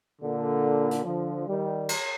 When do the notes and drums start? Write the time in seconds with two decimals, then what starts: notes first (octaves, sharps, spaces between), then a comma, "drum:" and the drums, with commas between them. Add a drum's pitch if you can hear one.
0.21 A#2 D3
0.91 drum: hi-hat
1.04 D3 F3
1.47 D#3 G3
1.89 drum: cymbal